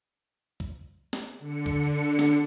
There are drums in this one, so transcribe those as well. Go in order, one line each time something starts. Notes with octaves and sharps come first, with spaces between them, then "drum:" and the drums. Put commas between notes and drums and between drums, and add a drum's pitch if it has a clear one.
drum: kick
drum: snare
D3 C#7
drum: kick
drum: snare